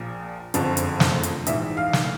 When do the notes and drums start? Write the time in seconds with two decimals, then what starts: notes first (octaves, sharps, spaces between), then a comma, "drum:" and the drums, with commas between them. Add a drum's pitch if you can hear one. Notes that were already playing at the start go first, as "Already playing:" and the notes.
Already playing: A#1 A#2 F3
0.54 F#1 F2 D3 F3, drum: hi-hat
0.77 drum: hi-hat
1.00 drum: snare
1.23 drum: hi-hat
1.47 A#1 G#2 E3 E5, drum: hi-hat
1.77 F5
1.93 drum: snare